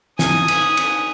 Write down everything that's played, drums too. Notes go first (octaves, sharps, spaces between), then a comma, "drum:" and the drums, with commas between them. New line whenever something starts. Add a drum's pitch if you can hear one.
G#5 D#6, drum: snare
drum: cymbal
drum: cymbal